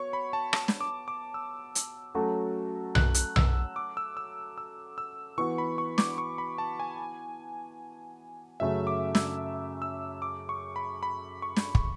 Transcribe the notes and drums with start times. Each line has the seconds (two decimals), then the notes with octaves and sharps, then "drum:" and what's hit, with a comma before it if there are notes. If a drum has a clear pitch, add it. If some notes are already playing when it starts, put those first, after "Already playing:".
Already playing: B3 F#4 C#5 C#6
0.13 B5
0.33 A5
0.53 A5, drum: rim click
0.68 drum: snare
0.81 D6
1.08 D6
1.34 E6
1.75 drum: hi-hat
2.15 F#3 A3 C#4 F#4 A4
2.95 F#6, drum: tom B1
3.14 drum: hi-hat
3.36 E6, drum: tom B1
3.76 D6
3.97 E6
4.17 E6
4.58 E6
4.98 E6
5.38 E3 B3 F#4 C#6
5.58 B5
5.78 C#6
5.98 D6, drum: snare
6.18 C#6
6.38 B5
6.58 A5
6.80 G#5
8.60 F#2 C#3 F#3 A3 C#4 E5
8.87 D6
9.15 E6, drum: snare
9.82 E6
10.22 D6
10.49 C#6
10.76 B5
11.03 B5
11.42 C#6
11.56 drum: snare
11.75 drum: kick